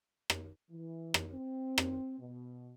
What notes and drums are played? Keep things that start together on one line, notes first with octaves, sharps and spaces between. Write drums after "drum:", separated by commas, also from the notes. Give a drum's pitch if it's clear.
drum: rim click
E3
drum: rim click
C4
drum: rim click
B2